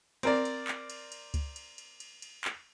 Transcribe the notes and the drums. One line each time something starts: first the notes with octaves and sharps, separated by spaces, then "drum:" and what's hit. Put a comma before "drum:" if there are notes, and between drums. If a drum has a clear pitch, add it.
C4 A#4 D5, drum: cymbal
drum: cymbal
drum: clap
drum: cymbal
drum: cymbal
drum: kick C#2, cymbal
drum: cymbal
drum: cymbal
drum: cymbal
drum: cymbal
drum: clap